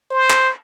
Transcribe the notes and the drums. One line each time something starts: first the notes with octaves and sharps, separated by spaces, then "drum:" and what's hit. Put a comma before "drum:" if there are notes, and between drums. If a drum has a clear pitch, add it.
C5
drum: clap